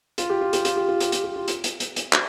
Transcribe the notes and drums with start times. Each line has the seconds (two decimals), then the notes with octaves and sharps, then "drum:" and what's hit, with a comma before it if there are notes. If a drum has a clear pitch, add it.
0.18 F4, drum: hi-hat
0.30 G4
0.41 F4
0.53 G4, drum: hi-hat
0.65 F4, drum: hi-hat
0.76 G4
0.88 F4
1.00 G4, drum: hi-hat
1.12 F4, drum: hi-hat
1.24 G4
1.36 F4
1.48 drum: hi-hat
1.64 drum: hi-hat
1.80 drum: hi-hat
1.96 drum: hi-hat
2.13 drum: clap